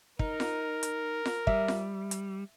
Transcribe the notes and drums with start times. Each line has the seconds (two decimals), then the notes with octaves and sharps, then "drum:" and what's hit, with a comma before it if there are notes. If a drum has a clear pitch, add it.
0.19 D#4 A#4, drum: kick
0.40 drum: snare F4
0.83 drum: hi-hat
1.25 drum: snare F4
1.47 G3 E5, drum: kick
1.68 drum: snare F4
2.11 drum: hi-hat